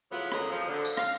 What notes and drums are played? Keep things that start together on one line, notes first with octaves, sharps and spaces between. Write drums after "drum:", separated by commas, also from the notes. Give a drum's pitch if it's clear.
A2 C#3 F3 F#3 B3 F4
E2 A2 C#3 F#3 A#4 D#5, drum: rim click
F3
D3
drum: tambourine
F5, drum: rim click